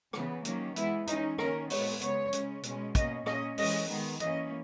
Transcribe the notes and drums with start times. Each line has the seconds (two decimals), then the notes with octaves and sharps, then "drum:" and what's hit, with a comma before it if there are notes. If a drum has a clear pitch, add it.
0.13 C#3 E3 B3, drum: rim click
0.45 D#3 F#3 A#3 C#4, drum: hi-hat
0.76 E3 G#3 B3 E4, drum: hi-hat
1.07 E3 G#3 C#4 D#4, drum: hi-hat
1.38 D#3 A#3 C#4 A#4, drum: rim click
1.70 A#2 G#3 B3 C#5, drum: open hi-hat
2.01 C#3 G#3 B3 C#5, drum: hi-hat
2.33 C#3 G#3 C#4, drum: hi-hat
2.63 B2 G#3 C#4, drum: hi-hat
2.95 B2 A#3 C#4 D#5, drum: kick, hi-hat
3.26 A#2 A#3 C#4 D#5, drum: rim click
3.58 E3 G#3 C#4 D#5, drum: open hi-hat
3.89 D#3 G#3 B3
4.20 E3 A#3 C#4 D#5, drum: hi-hat